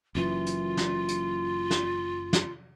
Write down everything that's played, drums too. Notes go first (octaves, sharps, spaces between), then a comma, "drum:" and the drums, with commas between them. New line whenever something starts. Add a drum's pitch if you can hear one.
F#1 F#2 E3 F4
drum: hi-hat
drum: snare
drum: hi-hat
drum: snare
drum: snare